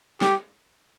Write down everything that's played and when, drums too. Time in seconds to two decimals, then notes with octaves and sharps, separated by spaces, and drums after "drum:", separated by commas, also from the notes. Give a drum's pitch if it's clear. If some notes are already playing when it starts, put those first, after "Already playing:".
0.21 G4, drum: snare